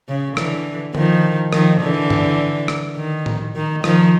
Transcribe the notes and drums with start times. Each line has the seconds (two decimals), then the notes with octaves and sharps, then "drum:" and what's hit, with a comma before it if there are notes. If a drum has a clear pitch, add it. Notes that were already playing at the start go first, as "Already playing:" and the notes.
0.09 C#3
0.37 D3 E3, drum: rim click
0.95 D#3 F3, drum: tom D3
1.53 D#3 F3, drum: rim click
1.81 D3 E3
2.10 drum: tom G2
2.68 drum: rim click
2.97 D#3
3.26 drum: tom A2
3.55 D#3
3.84 D#3 F3, drum: rim click